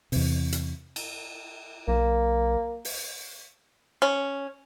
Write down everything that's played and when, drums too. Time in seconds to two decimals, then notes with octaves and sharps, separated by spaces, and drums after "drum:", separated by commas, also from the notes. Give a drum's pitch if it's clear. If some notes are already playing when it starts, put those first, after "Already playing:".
0.12 E2 C3, drum: open hi-hat
0.52 drum: hi-hat
0.96 drum: cymbal
1.88 B1 A#3
2.85 drum: open hi-hat
4.02 C#4